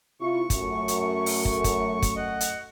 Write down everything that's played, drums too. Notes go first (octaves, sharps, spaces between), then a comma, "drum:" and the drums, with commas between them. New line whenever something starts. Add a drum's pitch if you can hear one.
C3 E4 F4 C#6
F#2 A3, drum: kick, hi-hat
drum: hi-hat
drum: open hi-hat
drum: kick
drum: kick, hi-hat
drum: kick, hi-hat
D#5 F#5
drum: hi-hat